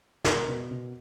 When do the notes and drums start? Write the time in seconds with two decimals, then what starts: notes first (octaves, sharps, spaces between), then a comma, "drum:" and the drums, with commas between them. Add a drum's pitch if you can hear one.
0.24 B2 A#4, drum: snare
0.48 B2
0.71 B2